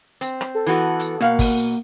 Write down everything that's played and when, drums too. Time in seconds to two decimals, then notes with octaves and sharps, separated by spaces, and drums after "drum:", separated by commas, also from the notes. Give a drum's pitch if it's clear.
0.21 C4, drum: hi-hat
0.41 drum: rim click
0.55 A4
0.66 E3 B3 F#4
1.00 drum: hi-hat
1.21 B2 A#3 F5 F#5
1.39 drum: kick, open hi-hat